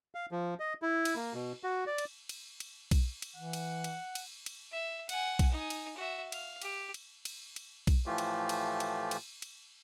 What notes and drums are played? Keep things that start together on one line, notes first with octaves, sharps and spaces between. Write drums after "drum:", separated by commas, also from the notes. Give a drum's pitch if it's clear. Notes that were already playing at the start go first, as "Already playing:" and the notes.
F5
F3
D#5
E4
drum: cymbal
A#3
B2
F#4
D5
drum: cymbal
drum: cymbal
drum: cymbal
drum: kick B1, cymbal
drum: cymbal
E3 F#5
drum: cymbal
drum: cymbal
drum: cymbal
drum: cymbal
E5
F#5 G#5, drum: cymbal
drum: kick B1, cymbal
D#4 G#5
drum: cymbal
F#4 E5
F5, drum: cymbal
G4, drum: cymbal
drum: cymbal
drum: cymbal
drum: cymbal
drum: kick B1, cymbal
A2 E3 F3 A3 F4 G4
drum: cymbal
drum: cymbal
drum: cymbal
drum: cymbal
drum: cymbal